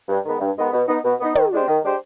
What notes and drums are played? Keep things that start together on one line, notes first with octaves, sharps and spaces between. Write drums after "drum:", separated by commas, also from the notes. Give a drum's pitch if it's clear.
G2
D#3 G#3 B3
G2
D#3 G#3 B3
B2
B3 D#4
B2
B3 D#4
D#3, drum: tom
G#3 D4 G4 C5
D#3
G#3 D4 G4 C5